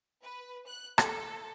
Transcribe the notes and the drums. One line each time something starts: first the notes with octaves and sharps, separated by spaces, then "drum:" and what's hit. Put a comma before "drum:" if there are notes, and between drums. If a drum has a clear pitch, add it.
B4
F#6
A4, drum: rim click